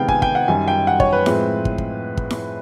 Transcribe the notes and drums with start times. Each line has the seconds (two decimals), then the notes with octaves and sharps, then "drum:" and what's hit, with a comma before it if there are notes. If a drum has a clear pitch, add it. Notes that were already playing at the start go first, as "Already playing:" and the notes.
Already playing: C3 D#3 G#3 B3 F5 G5
0.08 G#5, drum: kick
0.22 G5, drum: kick
0.35 F#5
0.48 F#2 D#3 G3 G#5
0.68 G5
0.87 F#5
1.00 C#5, drum: kick
1.13 B4
1.26 A2 F3 G#3 C4, drum: snare E4
1.65 drum: kick
1.78 drum: kick
2.17 drum: kick
2.30 drum: snare E4